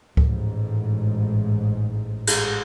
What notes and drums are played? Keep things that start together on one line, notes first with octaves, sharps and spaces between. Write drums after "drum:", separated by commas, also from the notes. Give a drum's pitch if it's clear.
A1 G#2, drum: kick C#2
drum: cymbal